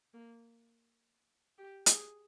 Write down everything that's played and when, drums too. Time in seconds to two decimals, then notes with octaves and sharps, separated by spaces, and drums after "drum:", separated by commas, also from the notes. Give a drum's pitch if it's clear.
0.14 A#3
1.58 G4
1.86 G#4, drum: hi-hat